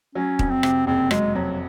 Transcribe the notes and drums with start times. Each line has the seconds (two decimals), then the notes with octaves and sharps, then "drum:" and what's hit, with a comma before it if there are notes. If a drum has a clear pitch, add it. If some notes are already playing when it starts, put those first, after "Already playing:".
0.15 F#3 C#4
0.39 F2, drum: kick D#1
0.51 C4
0.63 C3, drum: rim click
0.87 F#1 C4
1.11 F#3 G#3, drum: rim click
1.35 F2 F#3